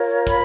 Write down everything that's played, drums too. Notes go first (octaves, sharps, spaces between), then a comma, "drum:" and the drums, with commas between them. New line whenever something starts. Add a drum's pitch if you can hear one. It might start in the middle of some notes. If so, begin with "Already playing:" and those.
Already playing: F4 A#4 C#5
B5, drum: kick, hi-hat